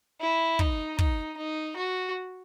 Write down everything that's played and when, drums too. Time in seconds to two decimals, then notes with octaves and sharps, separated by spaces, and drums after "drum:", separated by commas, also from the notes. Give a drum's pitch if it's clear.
0.21 E4
0.59 D#4, drum: kick
0.99 D#4, drum: kick
1.37 D#4
1.76 F#4